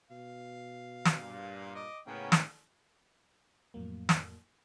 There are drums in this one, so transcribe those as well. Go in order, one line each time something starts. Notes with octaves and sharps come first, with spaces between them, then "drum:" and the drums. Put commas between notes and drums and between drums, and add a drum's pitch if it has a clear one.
B2 F5
drum: snare
G2 A#2
D#5 D6
A2 C#3 A#3 B3 C#4 G5
drum: snare
F2 A2 F#3 A#3
drum: snare